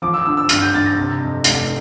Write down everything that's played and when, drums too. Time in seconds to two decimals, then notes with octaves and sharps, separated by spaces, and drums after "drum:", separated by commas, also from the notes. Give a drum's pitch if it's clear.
0.02 F3 D6
0.14 E6
0.25 D3 E6
0.37 E6
0.49 G2 F6, drum: hi-hat
0.61 G6
0.74 G2 A6
0.86 A#6
0.97 C3
1.20 F2
1.44 F1, drum: hi-hat